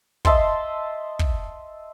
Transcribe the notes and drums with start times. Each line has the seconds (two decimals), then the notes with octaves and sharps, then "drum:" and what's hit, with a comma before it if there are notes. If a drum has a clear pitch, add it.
0.25 D#5 E5 A5 C6, drum: kick
1.19 drum: kick